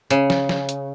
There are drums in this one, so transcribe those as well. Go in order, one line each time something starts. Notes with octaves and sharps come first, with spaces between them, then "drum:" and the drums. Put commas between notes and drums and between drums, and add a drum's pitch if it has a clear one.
C#3, drum: hi-hat
drum: snare
drum: snare
drum: hi-hat